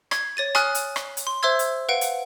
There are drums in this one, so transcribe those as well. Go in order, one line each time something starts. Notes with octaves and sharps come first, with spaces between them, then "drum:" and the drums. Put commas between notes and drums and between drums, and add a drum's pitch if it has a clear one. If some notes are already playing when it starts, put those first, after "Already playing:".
G#6, drum: rim click
C#5 A6 D#7
G#5 D#6 F6 F#6, drum: rim click
drum: hi-hat
drum: rim click
drum: hi-hat
C6
C5 E5 C6 E6 G#6
drum: hi-hat
B4 F5 F#5 D7
drum: hi-hat